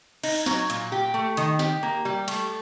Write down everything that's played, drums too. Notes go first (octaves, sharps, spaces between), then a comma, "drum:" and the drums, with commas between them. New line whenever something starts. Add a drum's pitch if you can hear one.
D#4, drum: cymbal
F#3, drum: snare
A#2, drum: hi-hat
G4
A3
D#3, drum: hi-hat
G4, drum: snare
A#3
G3
A3, drum: cymbal